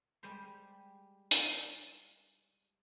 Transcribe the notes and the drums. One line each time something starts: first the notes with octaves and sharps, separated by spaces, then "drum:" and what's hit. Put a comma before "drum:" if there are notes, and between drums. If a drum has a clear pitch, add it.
G3 G#3 G4 C5
drum: hi-hat